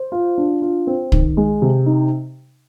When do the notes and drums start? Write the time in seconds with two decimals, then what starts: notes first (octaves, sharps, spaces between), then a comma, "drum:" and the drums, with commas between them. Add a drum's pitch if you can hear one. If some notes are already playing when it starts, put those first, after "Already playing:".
Already playing: C5
0.12 F4
0.38 D4
0.62 F4
0.87 C4
1.12 D#3, drum: kick
1.37 G#3
1.62 C3
1.86 D#4